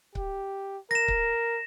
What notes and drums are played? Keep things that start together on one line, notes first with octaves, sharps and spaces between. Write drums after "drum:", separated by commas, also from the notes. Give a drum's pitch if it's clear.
G4, drum: kick C#1
A#4 A#6 E7
drum: kick C#1